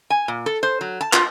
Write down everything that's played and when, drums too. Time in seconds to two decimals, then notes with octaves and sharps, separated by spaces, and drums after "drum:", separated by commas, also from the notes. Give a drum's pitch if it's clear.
0.10 G#5
0.28 A#2
0.46 A4
0.63 C5
0.81 F#3
1.01 A5
1.13 F4, drum: clap